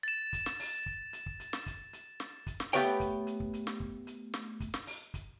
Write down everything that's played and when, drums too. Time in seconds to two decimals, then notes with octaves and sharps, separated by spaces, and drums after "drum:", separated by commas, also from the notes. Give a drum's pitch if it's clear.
0.03 A6 E7
0.33 drum: kick, hi-hat
0.46 drum: snare
0.59 drum: open hi-hat
0.86 drum: kick
1.13 drum: hi-hat
1.26 drum: kick
1.40 drum: hi-hat
1.53 drum: snare
1.66 drum: kick, hi-hat
1.93 drum: hi-hat
2.20 drum: snare
2.47 drum: kick, hi-hat
2.60 drum: snare
2.73 A3 B3 G4 B4 C#5 G5, drum: open hi-hat
3.00 drum: kick, hi-hat
3.27 drum: hi-hat
3.40 drum: kick
3.53 drum: hi-hat
3.67 drum: snare
3.80 drum: kick
4.07 drum: hi-hat
4.34 drum: snare
4.60 drum: kick, hi-hat
4.74 drum: snare
4.87 drum: open hi-hat
5.14 drum: kick, hi-hat